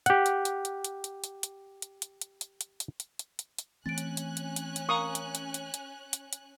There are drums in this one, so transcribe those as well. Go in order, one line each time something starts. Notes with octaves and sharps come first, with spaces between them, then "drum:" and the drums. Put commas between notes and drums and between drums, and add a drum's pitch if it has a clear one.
G4 F#5, drum: hi-hat
drum: hi-hat
drum: hi-hat
drum: hi-hat
drum: hi-hat
drum: hi-hat
drum: hi-hat
drum: hi-hat
drum: hi-hat
drum: hi-hat
drum: hi-hat
drum: hi-hat
drum: hi-hat
drum: hi-hat
drum: hi-hat
drum: hi-hat
drum: hi-hat
drum: hi-hat
E3 A3 C4 C#4 G#5 F#6 A6 D7
drum: hi-hat
drum: hi-hat
drum: hi-hat
drum: hi-hat
drum: hi-hat
A#4 F5 A#5 C#6 D#6
drum: hi-hat
drum: hi-hat
drum: hi-hat
drum: hi-hat
drum: hi-hat
drum: hi-hat